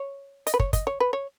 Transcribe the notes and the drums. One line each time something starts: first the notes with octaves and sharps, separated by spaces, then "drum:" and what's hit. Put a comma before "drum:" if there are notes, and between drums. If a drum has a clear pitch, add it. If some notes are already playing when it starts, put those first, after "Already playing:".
Already playing: C#5
D#5, drum: hi-hat
B4
C#5, drum: kick
D#5, drum: kick, hi-hat
C#5
B4
C#5